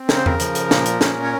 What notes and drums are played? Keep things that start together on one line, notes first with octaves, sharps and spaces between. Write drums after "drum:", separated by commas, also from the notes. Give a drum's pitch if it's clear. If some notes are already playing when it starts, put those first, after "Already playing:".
Already playing: C4
C#3 A#4, drum: snare
C5
A#4, drum: tom E2
F3, drum: hi-hat
drum: hi-hat
A#2, drum: snare
drum: hi-hat
C#4, drum: snare
C#5